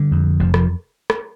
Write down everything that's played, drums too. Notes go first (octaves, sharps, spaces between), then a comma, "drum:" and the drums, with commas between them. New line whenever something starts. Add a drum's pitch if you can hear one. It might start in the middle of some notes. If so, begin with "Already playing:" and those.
Already playing: D3 G3
F2
F1 F3
F3, drum: rim click
drum: rim click